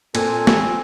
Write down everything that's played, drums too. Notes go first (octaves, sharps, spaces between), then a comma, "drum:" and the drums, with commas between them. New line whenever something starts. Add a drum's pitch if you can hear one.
A#2 C4 A4 G#5, drum: cymbal
drum: snare